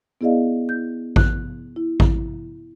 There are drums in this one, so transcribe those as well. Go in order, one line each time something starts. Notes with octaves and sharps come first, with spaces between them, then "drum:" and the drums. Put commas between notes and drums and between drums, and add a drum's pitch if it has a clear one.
B3 E4 G#4 D5 D#5 F5
E4 G6
F#6, drum: kick A1
E4
drum: kick A1